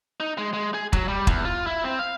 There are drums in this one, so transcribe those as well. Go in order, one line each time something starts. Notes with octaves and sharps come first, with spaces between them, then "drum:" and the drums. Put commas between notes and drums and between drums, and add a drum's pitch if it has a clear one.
D#4
G#3
G#3
G#4
F#3, drum: kick
G3
E2, drum: kick
F4
E4
C4
F5